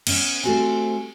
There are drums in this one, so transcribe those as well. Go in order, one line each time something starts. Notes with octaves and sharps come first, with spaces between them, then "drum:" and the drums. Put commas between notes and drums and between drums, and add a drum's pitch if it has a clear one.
B3 C#4, drum: cymbal
A3 C4 F#4 G4 C5 G#5